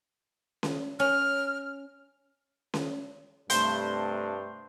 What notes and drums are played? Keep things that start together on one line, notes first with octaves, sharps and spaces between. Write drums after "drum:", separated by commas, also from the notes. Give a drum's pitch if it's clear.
drum: snare C#4
C#4 F6
drum: snare C#4
G2 C3 A3 C5, drum: hi-hat